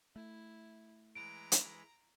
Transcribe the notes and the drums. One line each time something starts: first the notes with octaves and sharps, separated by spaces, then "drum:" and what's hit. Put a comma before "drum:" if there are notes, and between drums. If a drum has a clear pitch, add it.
A3 E4
E3 G#3 B4 A#5 D7
drum: hi-hat